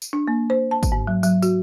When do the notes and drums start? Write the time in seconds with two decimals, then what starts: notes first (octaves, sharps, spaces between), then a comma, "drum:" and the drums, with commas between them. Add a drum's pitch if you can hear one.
0.02 drum: tambourine
0.13 D4
0.28 A#3
0.50 C5
0.71 A5
0.83 drum: kick, tambourine
0.92 G#2
1.07 F#3
1.23 F#3, drum: tambourine
1.43 F#4, drum: tambourine